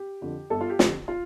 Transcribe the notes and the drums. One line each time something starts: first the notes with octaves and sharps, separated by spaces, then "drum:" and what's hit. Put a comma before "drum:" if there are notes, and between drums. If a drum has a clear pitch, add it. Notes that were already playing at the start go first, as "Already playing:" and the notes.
Already playing: G4
F2 D3
G1 A4
F4
G4
F2 D3, drum: snare
F4